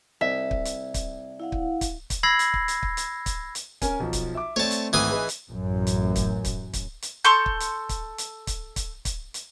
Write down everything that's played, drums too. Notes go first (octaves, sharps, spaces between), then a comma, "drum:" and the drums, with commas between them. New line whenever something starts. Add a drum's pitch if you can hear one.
C2 E5
drum: kick
drum: hi-hat
drum: kick, hi-hat
E4 F5 F#5
drum: kick
drum: kick, hi-hat
drum: kick, hi-hat
B5 E6 G#6 A#6 C7
drum: hi-hat
drum: kick
drum: hi-hat
drum: kick
drum: hi-hat
drum: kick, hi-hat
drum: hi-hat
C#4 A#4 G#5, drum: kick, hi-hat
B1 F3
drum: kick, hi-hat
E5 D6
A3 C4 C#5 D5 A5
drum: hi-hat
G#1 E3 A3 G#5 D#6
G#4 B4 D#5
drum: hi-hat
A1 F#2
drum: hi-hat
drum: kick, hi-hat
drum: kick, hi-hat
drum: kick, hi-hat
drum: hi-hat
A4 C6 C#6 G6
drum: kick
drum: hi-hat
drum: kick, hi-hat
drum: hi-hat
drum: kick, hi-hat
drum: kick, hi-hat
drum: kick, hi-hat
drum: hi-hat